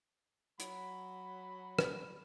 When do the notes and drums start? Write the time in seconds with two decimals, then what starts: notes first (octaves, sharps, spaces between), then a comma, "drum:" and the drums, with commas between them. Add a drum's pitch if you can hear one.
0.60 F#3 B5, drum: hi-hat
1.79 drum: rim click